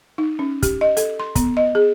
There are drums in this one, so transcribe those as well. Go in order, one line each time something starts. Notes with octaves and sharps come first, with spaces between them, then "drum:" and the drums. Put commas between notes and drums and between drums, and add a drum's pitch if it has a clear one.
D#4
C#4
G4, drum: kick, hi-hat
D#5
A4, drum: hi-hat
C6
B3, drum: kick, hi-hat
D#5
G#4